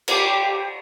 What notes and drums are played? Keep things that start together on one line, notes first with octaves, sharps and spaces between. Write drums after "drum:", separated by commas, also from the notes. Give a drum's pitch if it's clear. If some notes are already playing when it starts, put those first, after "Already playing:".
G4, drum: cymbal